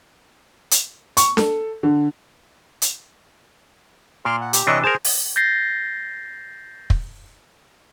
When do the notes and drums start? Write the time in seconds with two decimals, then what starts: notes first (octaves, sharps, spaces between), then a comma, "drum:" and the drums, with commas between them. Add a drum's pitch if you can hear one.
0.71 drum: hi-hat
1.17 C#6, drum: hi-hat
1.37 A4, drum: snare D4
1.83 D3
2.82 drum: hi-hat
4.25 A#2 C6 D6 F6
4.41 F#5
4.53 G4, drum: hi-hat
4.67 C3 E3 D4 C#5 D#5 C#6
4.84 G#4 A#4 C5 G#5 A5
5.04 drum: open hi-hat
5.36 G6 A6 A#6 C7
6.90 drum: kick